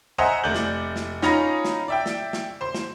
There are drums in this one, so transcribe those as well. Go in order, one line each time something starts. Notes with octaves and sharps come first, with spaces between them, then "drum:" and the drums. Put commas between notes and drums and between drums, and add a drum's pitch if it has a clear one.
C5 D#5 E5 F#5 G#5 A#5
F1 A3 D5 D6 G6 F#7
drum: snare
drum: snare
C#4 D#4 F4 A#5 B5 A#6, drum: snare
drum: snare
D5 E5 G5
drum: snare
drum: snare
C5 C6
drum: snare